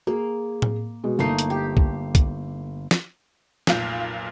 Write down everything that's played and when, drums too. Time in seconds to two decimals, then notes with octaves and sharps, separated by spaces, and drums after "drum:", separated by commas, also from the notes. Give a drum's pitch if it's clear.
0.07 A#3 G#4
0.62 drum: tom A2
1.04 B2 G#3
1.19 G1 A3 A#3 D#4 C7
1.39 drum: hi-hat
1.50 G4
1.77 drum: kick
2.15 drum: kick, hi-hat
2.91 drum: snare
3.67 F1 B1 A#2 F4 G6, drum: snare